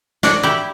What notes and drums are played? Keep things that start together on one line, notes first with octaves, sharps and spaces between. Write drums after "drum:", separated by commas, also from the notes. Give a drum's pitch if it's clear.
D4 F#4, drum: snare
E4 G4